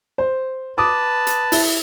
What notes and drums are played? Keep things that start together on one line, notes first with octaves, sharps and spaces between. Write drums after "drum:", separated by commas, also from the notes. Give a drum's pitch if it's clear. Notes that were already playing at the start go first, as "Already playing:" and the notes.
C5
B4 A5 D6 D#6
drum: hi-hat
E4, drum: open hi-hat